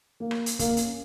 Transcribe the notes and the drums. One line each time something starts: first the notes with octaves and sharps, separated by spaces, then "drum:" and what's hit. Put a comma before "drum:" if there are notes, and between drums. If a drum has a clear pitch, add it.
A#3
drum: rim click
drum: hi-hat
A#3, drum: kick, hi-hat
C#4, drum: hi-hat